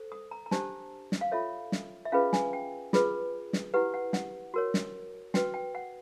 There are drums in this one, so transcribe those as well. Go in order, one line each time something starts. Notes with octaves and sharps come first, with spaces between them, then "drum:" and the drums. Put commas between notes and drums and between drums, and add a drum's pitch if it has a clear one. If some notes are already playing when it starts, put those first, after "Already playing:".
Already playing: A4 C5
D#6
A#5
A#5
D4 G4 C5 A5, drum: snare
drum: snare
F5
F4 A4 C#5 E5
drum: snare
E5
C#4 F4 G#4 B4 F5
G#5, drum: snare
G5
F4 G#4 B4, drum: snare
drum: snare
E4 G4 B4 F#5
F#5
F#5, drum: snare
F#4 A#4 C#5
drum: snare
F#4 B4 G5, drum: snare
G5
F#5